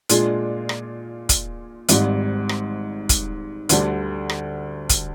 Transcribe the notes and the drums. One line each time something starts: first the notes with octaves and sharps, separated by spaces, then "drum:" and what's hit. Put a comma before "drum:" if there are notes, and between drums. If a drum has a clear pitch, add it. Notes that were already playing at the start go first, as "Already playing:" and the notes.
A#2 G#3 D4 F4 G#4, drum: hi-hat
drum: rim click
drum: kick, hi-hat
G#1 G#2 G3, drum: hi-hat
drum: rim click
drum: kick, hi-hat
D2 D3 G3 D4, drum: hi-hat
drum: rim click
drum: kick, hi-hat